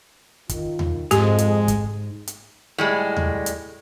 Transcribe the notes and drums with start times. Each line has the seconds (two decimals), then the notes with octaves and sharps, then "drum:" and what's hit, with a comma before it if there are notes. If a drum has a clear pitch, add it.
0.49 D#3 F4, drum: kick, hi-hat
0.79 drum: tom D#2
1.11 F2 G#2 G#3 G4, drum: hi-hat
1.38 drum: hi-hat
1.68 drum: kick, hi-hat
2.27 drum: hi-hat
2.78 A2 G3 G#3
3.16 drum: tom D#2
3.46 drum: hi-hat